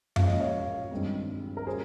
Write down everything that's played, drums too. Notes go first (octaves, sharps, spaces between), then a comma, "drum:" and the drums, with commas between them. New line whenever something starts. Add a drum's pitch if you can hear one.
A#1 A#2 G#3 C#4 F5, drum: tom F#2
D#5
C#5 F5
G2 D#3 G#3 C4
A#4
G3 C#4 G#4 C5